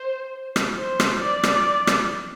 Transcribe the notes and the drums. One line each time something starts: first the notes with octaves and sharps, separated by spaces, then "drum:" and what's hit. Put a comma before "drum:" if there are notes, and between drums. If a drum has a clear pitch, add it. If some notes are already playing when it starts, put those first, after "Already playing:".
Already playing: C5
drum: rim click
C5
drum: rim click
D5
drum: rim click
drum: rim click